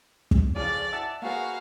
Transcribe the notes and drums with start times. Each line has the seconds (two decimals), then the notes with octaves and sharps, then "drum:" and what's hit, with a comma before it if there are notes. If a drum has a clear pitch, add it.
0.31 drum: kick
0.56 F2 C#3 D5
0.92 E5 F#5 A5
1.22 A#3 F#4 G#4 B4 F5